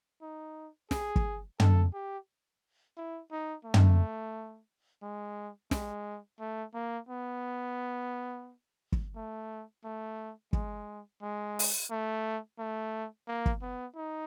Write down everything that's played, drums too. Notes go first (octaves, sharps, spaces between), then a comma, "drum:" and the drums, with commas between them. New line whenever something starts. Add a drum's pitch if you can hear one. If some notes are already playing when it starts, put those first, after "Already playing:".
D#4
G#4, drum: snare
drum: kick
A4, drum: tom
G4
E4
D#4
A3
drum: tom
G#3
G#3, drum: snare
A3
A#3
B3
drum: kick
A3
A3
G#3, drum: kick
G#3
drum: open hi-hat
A3
A3
A#3
drum: kick
B3
D#4